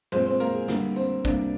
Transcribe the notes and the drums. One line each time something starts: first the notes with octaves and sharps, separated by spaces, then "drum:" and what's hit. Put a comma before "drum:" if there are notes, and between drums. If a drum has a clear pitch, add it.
A#2 G#3 C4 C5, drum: tom F#3
C4 C5
A#3 A#4, drum: tambourine
G#4
D3 G3 A#3 A#4, drum: snare
C4 C5, drum: tambourine
C3 G3 A#3 D4 D5, drum: kick